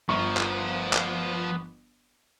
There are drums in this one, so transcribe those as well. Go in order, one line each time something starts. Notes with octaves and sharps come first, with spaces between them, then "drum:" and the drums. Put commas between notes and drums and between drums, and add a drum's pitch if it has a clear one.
G1 F3 B3 A#4 C#6
drum: clap
drum: clap